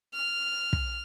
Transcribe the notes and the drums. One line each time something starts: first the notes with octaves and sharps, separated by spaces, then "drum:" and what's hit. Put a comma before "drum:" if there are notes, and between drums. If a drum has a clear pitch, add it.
F6
drum: kick